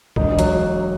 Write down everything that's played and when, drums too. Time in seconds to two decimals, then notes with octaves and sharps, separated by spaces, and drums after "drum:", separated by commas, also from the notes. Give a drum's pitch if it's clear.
0.16 E1 D#4, drum: kick C2
0.39 F#3, drum: hi-hat